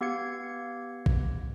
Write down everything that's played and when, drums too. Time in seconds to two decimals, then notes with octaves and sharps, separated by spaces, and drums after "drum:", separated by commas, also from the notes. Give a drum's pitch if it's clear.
0.01 B3 G4 F5 G#6 C#7
1.06 drum: kick